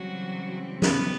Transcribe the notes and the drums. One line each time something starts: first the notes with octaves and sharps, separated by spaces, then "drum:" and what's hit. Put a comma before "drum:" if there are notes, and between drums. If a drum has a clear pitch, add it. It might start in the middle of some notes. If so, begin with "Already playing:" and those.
Already playing: C#3 E3 F#3 G3 C4 F#4
B3 B4, drum: snare